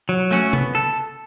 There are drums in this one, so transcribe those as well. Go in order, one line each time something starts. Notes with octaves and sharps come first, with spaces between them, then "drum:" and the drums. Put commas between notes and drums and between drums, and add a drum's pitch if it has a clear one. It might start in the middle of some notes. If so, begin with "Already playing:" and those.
F#3
A3 C#4 F#4
B3, drum: tom
A4